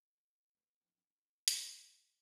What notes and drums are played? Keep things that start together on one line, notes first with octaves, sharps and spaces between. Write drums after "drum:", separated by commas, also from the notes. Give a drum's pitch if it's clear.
D5 F5
A3 C4 E4 G4 B4 F5
F3 A3 A#3 C4 D4 E4
G3 C4 D4
F#3 F#4, drum: hi-hat
D5